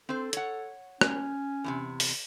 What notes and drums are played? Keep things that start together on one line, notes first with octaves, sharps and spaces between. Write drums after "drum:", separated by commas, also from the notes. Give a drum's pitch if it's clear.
C4 A4 C5
C#5 F#5, drum: hi-hat
C#4, drum: rim click
E2 A2 C3
drum: open hi-hat